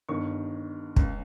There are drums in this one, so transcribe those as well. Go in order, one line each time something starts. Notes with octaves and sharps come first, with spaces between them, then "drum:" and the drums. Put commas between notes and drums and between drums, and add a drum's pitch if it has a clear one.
G1 G2 D#3 C#6
C#2 C#3, drum: kick